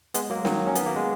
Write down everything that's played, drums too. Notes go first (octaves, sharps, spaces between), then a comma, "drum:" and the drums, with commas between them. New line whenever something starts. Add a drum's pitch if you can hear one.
G#3 B3, drum: hi-hat
F#3 A#3
D#3 F#3, drum: snare
C#4
B3, drum: hi-hat
A#3
G#3